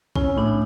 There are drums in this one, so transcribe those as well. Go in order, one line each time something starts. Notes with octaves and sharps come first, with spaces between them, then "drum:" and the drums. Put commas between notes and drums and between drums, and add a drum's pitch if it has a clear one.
C#4 E4, drum: kick B1
A2 D4